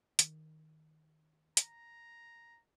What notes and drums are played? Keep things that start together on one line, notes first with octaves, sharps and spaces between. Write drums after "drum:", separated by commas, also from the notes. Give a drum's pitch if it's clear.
D#3, drum: hi-hat
A#5, drum: hi-hat